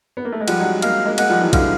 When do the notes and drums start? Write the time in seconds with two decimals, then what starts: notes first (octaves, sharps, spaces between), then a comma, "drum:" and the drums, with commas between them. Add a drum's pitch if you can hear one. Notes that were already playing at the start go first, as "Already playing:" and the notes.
0.17 B3
0.25 A#3
0.32 A3
0.40 G#3
0.48 F3 G3 F#5, drum: cymbal
0.60 F#3 G#3
0.82 G#3 A#3 F5, drum: cymbal
1.06 G#3 A#3
1.18 G#3 A#3 F#5, drum: cymbal
1.30 F3 G3
1.41 E3 F#3
1.53 D3 E3 F5, drum: kick, cymbal